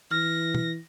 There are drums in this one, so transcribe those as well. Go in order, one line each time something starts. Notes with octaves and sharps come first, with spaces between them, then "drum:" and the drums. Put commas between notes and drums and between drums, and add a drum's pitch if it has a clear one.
E3 F6 A#6
drum: tom